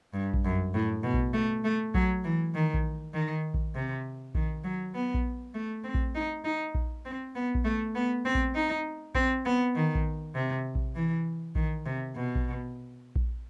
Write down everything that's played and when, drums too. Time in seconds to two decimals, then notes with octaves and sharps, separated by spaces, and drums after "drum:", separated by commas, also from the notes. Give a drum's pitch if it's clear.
0.13 G2
0.34 drum: kick A#1
0.44 F#2
0.74 A2
1.03 B2
1.14 drum: kick A#1
1.33 A3
1.64 A3
1.94 F#3, drum: kick A#1
2.24 E3
2.54 D#3
2.74 drum: kick A#1
3.14 D#3
3.54 drum: kick A#1
3.74 C3
4.35 D#3, drum: kick A#1
4.64 F#3
4.94 B3
5.14 drum: kick A#1
5.54 A3
5.84 C4
5.95 drum: kick A#1
6.15 D#4
6.44 D#4
6.75 drum: kick A#1
7.05 C4
7.35 B3
7.55 drum: kick A#1
7.64 A3
7.95 B3
8.25 C4
8.35 drum: kick A#1
8.55 D#4
9.15 C4, drum: kick A#1
9.45 B3
9.75 D#3
9.95 drum: kick A#1
10.35 C3
10.75 drum: kick A#1
10.95 E3
11.55 D#3, drum: kick A#1
11.86 C3
12.16 B2
12.35 drum: kick A#1
13.16 drum: kick A#1